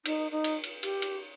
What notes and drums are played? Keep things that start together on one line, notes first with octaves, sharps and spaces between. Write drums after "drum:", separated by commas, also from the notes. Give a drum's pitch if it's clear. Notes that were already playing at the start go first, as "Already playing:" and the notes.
D#4, drum: cymbal
D#4
drum: cymbal
drum: cymbal
G4, drum: cymbal
drum: cymbal